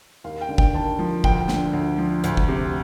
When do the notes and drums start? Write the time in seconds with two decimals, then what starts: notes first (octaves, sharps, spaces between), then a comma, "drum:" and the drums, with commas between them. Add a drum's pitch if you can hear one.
0.24 D#2 F5
0.41 G5
0.49 D3
0.58 G5, drum: kick
0.74 D#2 A5
0.99 F3
1.24 D2 G5, drum: kick
1.48 D3, drum: snare
1.73 D2
1.98 F3
2.24 D2, drum: hi-hat
2.37 drum: kick
2.48 C3